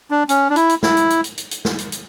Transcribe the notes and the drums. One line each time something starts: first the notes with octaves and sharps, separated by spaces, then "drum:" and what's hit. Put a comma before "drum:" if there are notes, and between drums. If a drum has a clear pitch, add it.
D4
C#4, drum: hi-hat
D4
E4, drum: hi-hat
drum: hi-hat
E4, drum: snare
drum: hi-hat
drum: hi-hat
drum: hi-hat
drum: hi-hat
drum: hi-hat
drum: snare
drum: hi-hat
drum: hi-hat